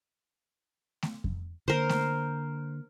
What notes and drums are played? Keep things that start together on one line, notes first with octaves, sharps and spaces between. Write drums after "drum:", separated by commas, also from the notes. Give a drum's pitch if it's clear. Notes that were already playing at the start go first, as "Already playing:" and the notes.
drum: snare A3
drum: kick F2
D3 A#3 A#4 C5
drum: snare A3